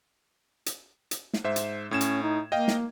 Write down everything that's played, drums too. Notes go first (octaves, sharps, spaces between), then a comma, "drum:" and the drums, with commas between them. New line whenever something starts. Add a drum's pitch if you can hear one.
drum: hi-hat
drum: hi-hat
drum: snare
G#2 C5 E5
drum: hi-hat
A2 C#4 G#6 E7
drum: hi-hat
D#4
A#3 D#5 F5 G5
drum: snare